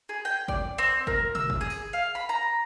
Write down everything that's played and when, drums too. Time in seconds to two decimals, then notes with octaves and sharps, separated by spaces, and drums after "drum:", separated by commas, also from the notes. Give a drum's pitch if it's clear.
0.09 G#4
0.25 G5
0.48 D5, drum: kick
0.78 C4
1.07 A#4, drum: kick
1.35 E6, drum: tom
1.50 drum: kick
1.61 G#4
1.70 drum: tambourine
1.93 F5
2.15 B5
2.29 A#5